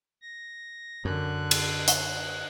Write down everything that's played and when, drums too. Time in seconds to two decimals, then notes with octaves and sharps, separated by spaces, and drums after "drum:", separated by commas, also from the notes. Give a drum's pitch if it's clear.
0.22 A#6
1.05 F#2 D3 F#6
1.51 drum: cymbal
1.88 drum: hi-hat